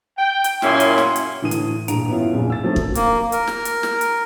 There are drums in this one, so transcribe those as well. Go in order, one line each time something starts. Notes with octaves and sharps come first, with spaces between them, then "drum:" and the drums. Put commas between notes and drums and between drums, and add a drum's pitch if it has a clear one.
G5
drum: hi-hat
F#2 A#2 C#4 E4 C6, drum: snare
drum: hi-hat
drum: snare
drum: hi-hat
A2 D3 E3 D#6 D#7
drum: hi-hat
D#1 G2 A#5 D7 F7, drum: hi-hat
E3 B3 C#4 E4 F4
D#1 A#1 F2 C#3
E6 A6
D#3 F3 F#3 A3 C4 D4
drum: kick
A#3, drum: hi-hat
A#4, drum: hi-hat
drum: snare
drum: hi-hat
drum: snare
drum: hi-hat